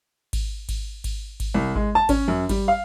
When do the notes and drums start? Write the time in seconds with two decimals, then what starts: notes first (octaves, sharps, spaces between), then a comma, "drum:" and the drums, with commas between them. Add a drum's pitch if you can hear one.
0.33 drum: kick G#1, cymbal
0.69 drum: kick G#1, cymbal
1.04 drum: kick G#1, cymbal
1.40 drum: kick G#1, cymbal
1.54 C2
1.76 G#3, drum: kick G#1
1.95 A5
2.09 C#4, drum: kick G#1, cymbal
2.28 F#2
2.49 G3, drum: kick G#1, cymbal
2.68 F5